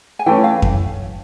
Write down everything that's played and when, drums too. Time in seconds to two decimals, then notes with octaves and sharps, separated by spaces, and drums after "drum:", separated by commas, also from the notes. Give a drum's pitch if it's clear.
0.19 G#5
0.26 E3 A3 C#4 G5
0.44 F5
0.62 drum: kick F2